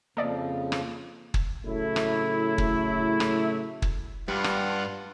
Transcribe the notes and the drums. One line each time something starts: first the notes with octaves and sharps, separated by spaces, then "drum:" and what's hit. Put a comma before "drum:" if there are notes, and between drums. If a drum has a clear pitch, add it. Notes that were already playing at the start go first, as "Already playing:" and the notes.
F2 C#3 F3 A#3 A4 C5 D5 D#5
drum: rim click
drum: kick
A2 C#3 F#3 A3 E4
drum: rim click
drum: kick
drum: rim click
drum: kick
G2 G3 F4 F#5
drum: rim click